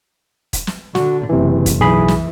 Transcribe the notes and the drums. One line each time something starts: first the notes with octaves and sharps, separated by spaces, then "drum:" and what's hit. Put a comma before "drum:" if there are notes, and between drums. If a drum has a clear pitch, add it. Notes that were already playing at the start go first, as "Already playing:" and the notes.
drum: kick E1, hi-hat
drum: snare
D3 F#4, drum: snare
F#1 C3 E3
drum: kick E1, hi-hat
B1 E3 G#4 B5
drum: snare